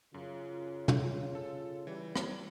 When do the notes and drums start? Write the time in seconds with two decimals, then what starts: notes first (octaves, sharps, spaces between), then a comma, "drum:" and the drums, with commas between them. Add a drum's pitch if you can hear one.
0.14 F#2 C#3 F4
0.88 drum: tom
1.35 A4
1.87 E3 G3
2.16 drum: rim click